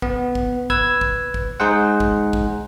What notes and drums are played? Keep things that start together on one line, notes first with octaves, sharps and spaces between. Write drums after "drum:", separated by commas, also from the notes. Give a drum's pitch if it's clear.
B3, drum: kick
drum: kick
B4 E6 G#6, drum: kick
drum: kick
drum: kick
G#3 D#4 G#4 C5 F#5
drum: kick
drum: kick